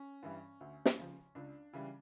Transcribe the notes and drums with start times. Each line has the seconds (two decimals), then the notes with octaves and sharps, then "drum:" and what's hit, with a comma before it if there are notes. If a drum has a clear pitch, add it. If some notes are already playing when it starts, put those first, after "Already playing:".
Already playing: C#4
0.23 G2 E3 G3
0.61 D2
0.85 drum: snare
0.98 C#3 F3
1.35 C#2 D4
1.73 C#3 E3 G3